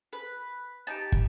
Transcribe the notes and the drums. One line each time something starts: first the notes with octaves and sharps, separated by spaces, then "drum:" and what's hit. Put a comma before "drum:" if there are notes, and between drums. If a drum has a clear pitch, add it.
B4
D#4 G4 A5
drum: kick